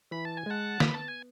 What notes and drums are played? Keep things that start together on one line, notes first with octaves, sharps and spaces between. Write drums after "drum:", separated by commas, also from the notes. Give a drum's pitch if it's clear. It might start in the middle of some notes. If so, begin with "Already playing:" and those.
E3 B5
A5
G#5
G#3 F#5 A5
B3 B5, drum: snare
A5
G#5